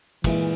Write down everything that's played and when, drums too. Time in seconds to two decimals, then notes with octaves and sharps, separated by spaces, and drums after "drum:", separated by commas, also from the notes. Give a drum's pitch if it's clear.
0.24 A#2 E3 G#3 E4, drum: kick, cymbal